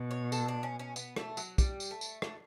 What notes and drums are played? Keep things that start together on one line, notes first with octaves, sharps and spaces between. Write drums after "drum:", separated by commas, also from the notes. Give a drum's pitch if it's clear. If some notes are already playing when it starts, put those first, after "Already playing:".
Already playing: B2
C#5
A4, drum: tambourine
D4
C#4
C#4
B3, drum: tambourine
A3, drum: rim click
F#3, drum: tambourine
G3, drum: kick, tambourine
drum: tambourine
A3
drum: tambourine
A3, drum: rim click